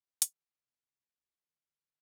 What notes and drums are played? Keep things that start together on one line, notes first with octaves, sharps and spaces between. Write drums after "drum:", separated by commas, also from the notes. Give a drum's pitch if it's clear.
E3, drum: hi-hat
C3
A#1
D3